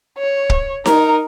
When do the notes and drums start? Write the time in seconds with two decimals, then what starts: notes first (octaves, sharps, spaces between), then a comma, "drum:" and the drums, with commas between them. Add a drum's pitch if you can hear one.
0.18 C#5
0.50 drum: kick
0.86 D#4 A#4, drum: snare D#4